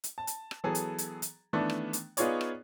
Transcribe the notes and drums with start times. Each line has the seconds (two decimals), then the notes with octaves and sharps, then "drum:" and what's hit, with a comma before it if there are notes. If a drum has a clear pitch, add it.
0.04 drum: hi-hat
0.18 A5
0.27 drum: hi-hat
0.51 drum: rim click
0.64 E3 F#3 B3 G#4 A4
0.75 drum: hi-hat
0.98 drum: hi-hat
1.22 drum: hi-hat
1.53 D#3 E3 A3 B3 D4
1.70 drum: rim click
1.93 drum: hi-hat
2.17 B3 D#4 F4 G#4 C#5 D5, drum: hi-hat
2.41 drum: rim click